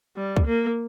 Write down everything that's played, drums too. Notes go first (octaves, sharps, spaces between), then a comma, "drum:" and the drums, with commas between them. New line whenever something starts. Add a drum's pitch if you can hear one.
G3
drum: kick
A#3